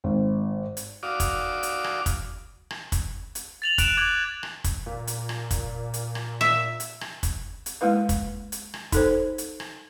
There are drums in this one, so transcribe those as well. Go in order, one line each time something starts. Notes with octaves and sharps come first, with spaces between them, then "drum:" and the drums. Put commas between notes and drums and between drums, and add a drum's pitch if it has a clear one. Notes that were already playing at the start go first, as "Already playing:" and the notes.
G#1
drum: hi-hat
F#4 D5 F5 D6 D#6
drum: kick, hi-hat
drum: hi-hat
drum: rim click
drum: kick, hi-hat
drum: rim click
drum: kick, hi-hat
drum: hi-hat
A6 F7 F#7
F#6 D7 E7, drum: kick, hi-hat
D6 F#6 G#6 F#7
drum: rim click
drum: kick, hi-hat
A#2
drum: hi-hat
drum: rim click
drum: kick, hi-hat
drum: hi-hat
drum: rim click
E5
drum: hi-hat
drum: rim click
drum: kick, hi-hat
drum: hi-hat
G#3 A#3 E4 B4 F5
drum: kick, hi-hat
drum: hi-hat
drum: rim click
D#4 A4 C5, drum: kick, hi-hat
drum: hi-hat
drum: rim click